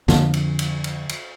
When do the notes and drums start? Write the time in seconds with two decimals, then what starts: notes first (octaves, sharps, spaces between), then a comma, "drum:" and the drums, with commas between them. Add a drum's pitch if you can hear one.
0.08 F2 D3 F3, drum: snare
0.34 drum: cymbal
0.59 drum: cymbal
0.84 drum: cymbal
1.09 drum: cymbal